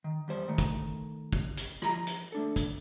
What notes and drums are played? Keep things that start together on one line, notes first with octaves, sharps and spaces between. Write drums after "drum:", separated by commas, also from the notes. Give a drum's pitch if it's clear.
D#3
E2 G3 C5
D#3 A3
drum: kick, hi-hat
drum: kick
drum: hi-hat
F3 A#5, drum: rim click
drum: hi-hat
A3 D4 A4
drum: kick, hi-hat